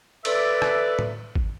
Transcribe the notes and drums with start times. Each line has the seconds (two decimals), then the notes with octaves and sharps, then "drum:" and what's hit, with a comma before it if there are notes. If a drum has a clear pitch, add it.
0.25 A4 B4 D5 E5, drum: cymbal
0.62 drum: rim click
0.99 drum: tom
1.35 drum: kick G#1